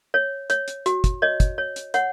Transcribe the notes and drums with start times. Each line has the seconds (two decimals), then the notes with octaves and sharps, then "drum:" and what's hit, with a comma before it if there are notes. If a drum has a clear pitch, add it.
0.14 C#5
0.50 C#5, drum: hi-hat
0.68 drum: hi-hat
0.86 F#4, drum: hi-hat
1.04 drum: kick, hi-hat
1.22 C#5 D#5
1.40 drum: kick, hi-hat
1.58 C#5
1.76 drum: hi-hat
1.94 C#5 F#5, drum: hi-hat